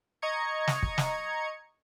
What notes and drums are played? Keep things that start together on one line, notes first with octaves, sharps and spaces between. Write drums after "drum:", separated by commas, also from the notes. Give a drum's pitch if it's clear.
D#5 A#5 C#6 G#6 C#7
drum: snare
drum: kick
drum: snare